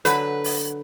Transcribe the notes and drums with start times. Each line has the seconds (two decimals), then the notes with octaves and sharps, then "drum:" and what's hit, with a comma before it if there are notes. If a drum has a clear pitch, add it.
0.05 D3 F#3 B4, drum: hi-hat
0.44 drum: open hi-hat